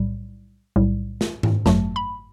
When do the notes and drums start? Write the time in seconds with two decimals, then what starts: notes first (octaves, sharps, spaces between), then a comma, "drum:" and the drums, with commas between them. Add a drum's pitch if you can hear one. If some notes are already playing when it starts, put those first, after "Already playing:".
Already playing: B1 A2 G3
0.76 B1 A2 G3
1.21 drum: snare
1.43 drum: tom G#2
1.66 G1 F#2 F#3 A3 A5, drum: snare
1.96 B5